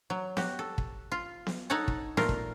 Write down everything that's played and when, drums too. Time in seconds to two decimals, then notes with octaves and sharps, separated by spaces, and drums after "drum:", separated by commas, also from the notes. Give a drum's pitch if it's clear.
0.10 F#3
0.37 F#4 G4, drum: snare B3
0.59 A4
0.78 drum: kick
1.12 F4
1.47 drum: snare B3
1.70 D#4 A4 C#5 F#5 A5
1.88 drum: kick
2.17 A#2 A3 F4 A#4, drum: snare B3
2.29 drum: kick